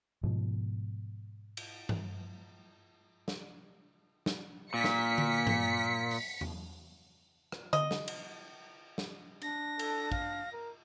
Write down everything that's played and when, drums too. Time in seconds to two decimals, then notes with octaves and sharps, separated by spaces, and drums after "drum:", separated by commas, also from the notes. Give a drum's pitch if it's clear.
0.23 G#2 B2 F3
1.57 drum: cymbal
1.89 drum: tom G2
3.28 drum: snare
4.26 drum: snare
4.74 A#2 B6 C#7
4.84 drum: snare
5.18 drum: tom D3
5.47 drum: tom G2
6.11 drum: open hi-hat
6.41 drum: tom E2
7.52 drum: rim click
7.73 D#5, drum: tom D3
7.91 drum: snare
8.08 drum: cymbal
8.98 drum: snare
9.42 D4 A#6, drum: hi-hat
9.79 A4, drum: cymbal
10.12 F5, drum: kick
10.53 A#4